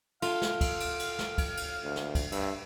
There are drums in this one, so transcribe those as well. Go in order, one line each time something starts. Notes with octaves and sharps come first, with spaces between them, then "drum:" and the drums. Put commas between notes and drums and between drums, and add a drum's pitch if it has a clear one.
F4 A4 F5, drum: cymbal
drum: snare
drum: kick, cymbal
drum: cymbal
drum: cymbal
drum: snare
drum: kick, cymbal
drum: cymbal
D2
drum: snare
drum: kick, cymbal
G2 E5, drum: cymbal